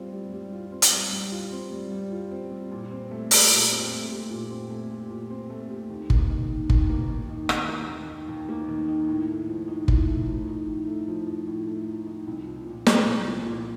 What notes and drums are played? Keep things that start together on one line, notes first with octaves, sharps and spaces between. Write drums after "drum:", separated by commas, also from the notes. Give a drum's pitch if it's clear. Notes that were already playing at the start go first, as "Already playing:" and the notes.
Already playing: G3 C4 F4
G3
G3
F4
C4
drum: hi-hat
G3
G3
F4
C4
G3
G3
F4
C4
G3
A#2
C4
A3
G4, drum: open hi-hat
A#2
C4
A3
G4
A#2
C4
A3
G4
A#2
C4
A3
G4
D#2
A#3, drum: kick
D#3
D#4
D#2, drum: kick
A#3
D#3
D#4
D#2, drum: rim click
A#3
D#3
D#4
D#2
A#3
D#3
D#4
A2
A3
F3
D#4
A2, drum: kick
A3
F3
D#4
A2
A3
F3
D#4
A2
A3
F3
D#4
C2
F3
A#2
A#3, drum: snare
C2
F3
A#2